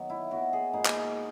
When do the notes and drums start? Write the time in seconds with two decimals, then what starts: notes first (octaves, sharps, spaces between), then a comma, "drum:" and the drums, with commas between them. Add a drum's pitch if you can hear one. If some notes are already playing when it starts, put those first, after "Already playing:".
Already playing: D#3 F#3 B3
0.09 E4
0.31 D#3 F#3 B3 F#4
0.53 G#4
0.73 A#2 G#3 B3 D#4
0.85 drum: clap